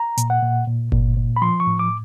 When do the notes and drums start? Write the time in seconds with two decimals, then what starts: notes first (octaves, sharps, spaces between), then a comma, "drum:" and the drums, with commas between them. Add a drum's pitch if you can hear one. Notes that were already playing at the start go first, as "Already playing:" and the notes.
Already playing: A#5
0.18 A#2, drum: hi-hat
0.30 F#5
0.42 A#2
0.67 A#2
0.92 A#2, drum: kick G1
1.17 A#2
1.36 B5
1.42 F3 C6
1.60 C#6
1.67 A2
1.79 D6